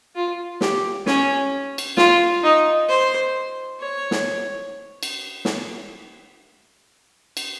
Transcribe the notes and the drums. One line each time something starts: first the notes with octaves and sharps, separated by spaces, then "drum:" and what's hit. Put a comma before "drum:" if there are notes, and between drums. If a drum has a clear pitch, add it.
F4
G4, drum: snare
C#4, drum: snare
drum: cymbal
F4, drum: snare
D#4
C5
C#5
drum: snare
drum: cymbal
drum: snare
drum: cymbal